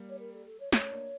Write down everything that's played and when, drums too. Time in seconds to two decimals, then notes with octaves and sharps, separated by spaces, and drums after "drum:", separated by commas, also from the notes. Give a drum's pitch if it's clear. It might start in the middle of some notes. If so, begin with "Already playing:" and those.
Already playing: G3 A#3
0.09 C#5
0.19 A#4
0.33 A4
0.46 A4
0.60 C#5
0.73 A3 C#4 C#5, drum: snare
0.91 A#3 D4